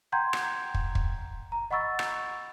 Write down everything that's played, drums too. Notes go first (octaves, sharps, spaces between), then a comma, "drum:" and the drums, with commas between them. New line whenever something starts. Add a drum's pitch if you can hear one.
F#5 G5 A#5 C6 G6 G#6
drum: rim click
drum: kick
drum: kick
A#5
D#5 F#5 B5 C#6 E6 A6
drum: rim click